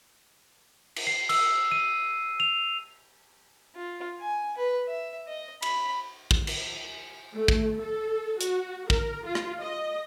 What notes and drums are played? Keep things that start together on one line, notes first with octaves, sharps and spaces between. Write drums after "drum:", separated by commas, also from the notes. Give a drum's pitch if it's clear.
drum: cymbal
C7
E6, drum: cymbal
D#7
F7
F4
G#5
B4
E5
D#5
B5, drum: cymbal
drum: kick
drum: cymbal
A3
drum: kick
A4
F#4, drum: hi-hat
A#4, drum: kick
F4
drum: rim click
D#5